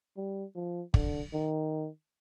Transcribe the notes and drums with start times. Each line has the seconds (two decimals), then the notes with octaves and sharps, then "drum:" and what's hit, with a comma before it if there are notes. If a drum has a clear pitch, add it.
0.17 G3
0.55 F3
0.94 D3, drum: kick
1.34 D#3